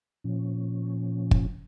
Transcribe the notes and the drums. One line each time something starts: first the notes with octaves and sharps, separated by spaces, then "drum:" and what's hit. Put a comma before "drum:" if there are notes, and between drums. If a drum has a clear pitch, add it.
A#2 F3 C#4
drum: kick